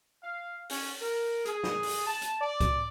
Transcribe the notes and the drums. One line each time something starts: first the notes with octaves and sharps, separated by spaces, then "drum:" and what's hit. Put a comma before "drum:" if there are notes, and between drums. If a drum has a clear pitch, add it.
F5
C#4, drum: open hi-hat
A#4
G#4, drum: hi-hat
drum: snare
drum: open hi-hat
A5
drum: hi-hat
D5
drum: kick C2, hi-hat